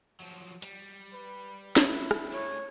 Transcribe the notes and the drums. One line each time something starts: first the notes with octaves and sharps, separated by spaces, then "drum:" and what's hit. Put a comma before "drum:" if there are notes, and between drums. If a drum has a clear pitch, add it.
F3 F#3
G3, drum: hi-hat
B4
E4, drum: snare
drum: rim click
A3 D4 C#5